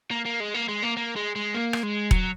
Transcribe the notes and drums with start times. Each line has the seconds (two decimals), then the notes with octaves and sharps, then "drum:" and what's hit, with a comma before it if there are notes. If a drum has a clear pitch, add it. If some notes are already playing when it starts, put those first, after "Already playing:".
0.11 A#3
0.25 A#3
0.40 G#3
0.54 A#3
0.69 G#3
0.83 A#3
0.97 A#3
1.16 G#3
1.36 G#3
1.54 A#3
1.73 drum: rim click
1.83 G#3
2.11 F#3, drum: kick E1